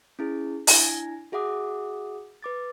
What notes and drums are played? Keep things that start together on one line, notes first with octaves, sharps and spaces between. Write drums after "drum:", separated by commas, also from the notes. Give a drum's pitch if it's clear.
C#4 E4 G#4
D4 E4 G#5 G#6 A#6, drum: open hi-hat
F#4 G#4 E5 F#5 D6 D#6
B4 D6 A6